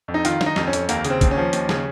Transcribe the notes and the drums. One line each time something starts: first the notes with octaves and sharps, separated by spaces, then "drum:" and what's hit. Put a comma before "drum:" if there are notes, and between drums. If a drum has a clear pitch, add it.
F2
D#4
D#3 F4, drum: hi-hat
D#3, drum: snare
D#4
F2, drum: snare
C#4
F2, drum: hi-hat
D#2 A#3, drum: hi-hat
C#3, drum: hi-hat
C4
D#2, drum: kick A#1, hi-hat
C#4
F3
D#2, drum: hi-hat
C#3, drum: snare